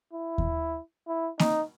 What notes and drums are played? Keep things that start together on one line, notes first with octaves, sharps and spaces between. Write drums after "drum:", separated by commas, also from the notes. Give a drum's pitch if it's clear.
E4
drum: kick D#2
E4
D#4, drum: snare A#3